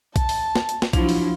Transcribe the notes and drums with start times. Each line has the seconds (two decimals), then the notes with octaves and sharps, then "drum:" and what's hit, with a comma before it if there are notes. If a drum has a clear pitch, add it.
0.16 A5, drum: kick A#1, hi-hat
0.29 drum: open hi-hat
0.56 drum: snare
0.69 drum: hi-hat
0.82 drum: snare
0.93 F3 F#3 D4 E4 F4, drum: kick A#1, hi-hat
1.09 drum: open hi-hat